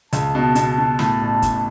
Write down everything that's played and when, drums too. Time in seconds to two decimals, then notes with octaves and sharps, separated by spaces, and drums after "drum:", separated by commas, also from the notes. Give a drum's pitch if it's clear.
0.13 C#2 A5, drum: hi-hat
0.35 B2
0.55 B2, drum: hi-hat
0.78 B2
0.99 A2, drum: snare
1.21 A1
1.42 A1, drum: kick, hi-hat